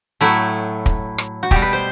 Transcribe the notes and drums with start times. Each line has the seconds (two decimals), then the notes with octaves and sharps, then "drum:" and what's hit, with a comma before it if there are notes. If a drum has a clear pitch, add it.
0.21 A2 F#3 A3 E4, drum: hi-hat
0.86 drum: kick, hi-hat
1.18 drum: rim click
1.43 F#4
1.51 B2 G3 G4, drum: kick
1.62 B4
1.73 C5